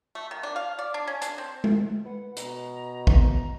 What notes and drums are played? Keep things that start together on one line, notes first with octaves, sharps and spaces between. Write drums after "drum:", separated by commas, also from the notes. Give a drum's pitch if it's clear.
A3
D#3
D4
F5
D5
D4
C#4
D4, drum: hi-hat
C4
drum: tom G#3
B4 F#5
B2 A#5, drum: hi-hat
A2 B3, drum: kick A1